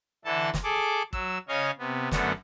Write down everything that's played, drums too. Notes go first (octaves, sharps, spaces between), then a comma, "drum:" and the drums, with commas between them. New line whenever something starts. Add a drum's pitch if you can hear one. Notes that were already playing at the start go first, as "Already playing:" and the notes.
D3 E3 E4 A4 A5
drum: snare
G#4 A4 D6
F#3 E6, drum: kick
C#3 C#5 D#5 F5 G#5
C3 B3
F#2 D3 A3 B3 F#5, drum: snare